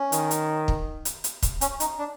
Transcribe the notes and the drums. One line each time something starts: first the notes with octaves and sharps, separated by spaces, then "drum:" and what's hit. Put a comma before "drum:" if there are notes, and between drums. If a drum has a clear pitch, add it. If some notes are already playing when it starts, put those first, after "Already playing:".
Already playing: C#4
D#3, drum: hi-hat
drum: hi-hat
drum: kick
drum: hi-hat
drum: hi-hat
drum: kick, hi-hat
C#4, drum: hi-hat
D#4, drum: hi-hat
D4